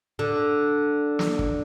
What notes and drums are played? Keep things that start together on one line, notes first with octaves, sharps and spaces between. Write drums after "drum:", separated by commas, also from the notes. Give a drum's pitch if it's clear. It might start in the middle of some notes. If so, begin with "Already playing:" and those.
D3
drum: snare
drum: kick